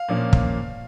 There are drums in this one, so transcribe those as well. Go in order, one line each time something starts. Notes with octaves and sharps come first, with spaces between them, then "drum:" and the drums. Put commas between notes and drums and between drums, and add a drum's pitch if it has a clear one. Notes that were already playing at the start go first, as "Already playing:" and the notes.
Already playing: F5
A#2 F3 A#3 C#4
drum: kick